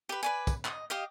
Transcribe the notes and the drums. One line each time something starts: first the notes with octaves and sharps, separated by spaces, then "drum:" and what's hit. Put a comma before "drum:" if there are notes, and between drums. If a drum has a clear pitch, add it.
G4 B4
B4 D5 G#5
drum: kick, tambourine
D#5, drum: clap
G4 D#5 F5